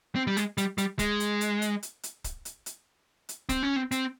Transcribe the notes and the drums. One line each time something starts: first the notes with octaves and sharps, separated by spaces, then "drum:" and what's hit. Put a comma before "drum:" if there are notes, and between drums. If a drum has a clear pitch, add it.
C4
G3
G#3, drum: hi-hat
G3, drum: hi-hat
G3, drum: hi-hat
G#3, drum: kick, hi-hat
drum: hi-hat
drum: hi-hat
drum: hi-hat
drum: hi-hat
drum: hi-hat
drum: kick, hi-hat
drum: hi-hat
drum: hi-hat
drum: hi-hat
C4, drum: kick, hi-hat
C#4
C4
C4, drum: hi-hat